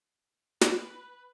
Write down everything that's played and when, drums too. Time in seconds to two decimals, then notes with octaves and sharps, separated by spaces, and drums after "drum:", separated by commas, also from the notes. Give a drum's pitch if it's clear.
0.61 B4, drum: snare